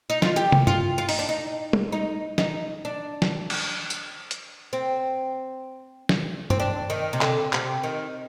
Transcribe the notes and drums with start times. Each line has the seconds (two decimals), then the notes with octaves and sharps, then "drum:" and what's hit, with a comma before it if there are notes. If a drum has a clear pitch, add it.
0.10 D#4
0.22 F4, drum: snare
0.36 G4
0.52 drum: tom
0.67 F4, drum: tom G2
0.98 F4
1.09 D#4, drum: open hi-hat
1.19 D4
1.29 D#4
1.73 drum: tom
1.92 D#4
2.38 D#4, drum: snare
2.85 D4
3.22 drum: snare
3.50 drum: cymbal
3.90 drum: tambourine
4.31 drum: hi-hat
4.73 C4
6.09 drum: snare
6.50 C4, drum: tom G2
6.60 D4
6.90 D#3
7.13 C3
7.21 D3, drum: clap
7.53 C3, drum: clap
7.83 D#3